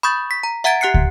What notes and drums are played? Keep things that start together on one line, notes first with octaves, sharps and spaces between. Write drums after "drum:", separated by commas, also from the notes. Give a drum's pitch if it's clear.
B5 C#6 D#6 G6 A6
B6
A#5
E5 F#5 A#5 G#6 A6 D7
G4 F#5 F#6 C7 C#7
drum: kick